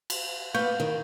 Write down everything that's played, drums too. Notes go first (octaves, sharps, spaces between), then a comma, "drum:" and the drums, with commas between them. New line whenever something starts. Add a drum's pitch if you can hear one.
drum: cymbal
A#3 B3 F5 C#6 G6
D#3